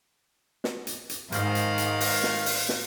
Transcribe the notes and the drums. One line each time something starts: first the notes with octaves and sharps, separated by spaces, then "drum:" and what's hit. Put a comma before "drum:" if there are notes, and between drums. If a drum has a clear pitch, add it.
drum: snare
drum: hi-hat
drum: hi-hat
G#2 D#3 F5, drum: hi-hat
drum: hi-hat
drum: hi-hat
drum: open hi-hat
drum: snare
drum: open hi-hat
drum: snare